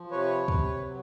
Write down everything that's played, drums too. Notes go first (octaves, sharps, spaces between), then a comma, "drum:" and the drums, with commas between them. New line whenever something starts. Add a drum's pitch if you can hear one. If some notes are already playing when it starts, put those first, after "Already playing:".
Already playing: F3
C3 B4 C#5
C3, drum: kick
F#3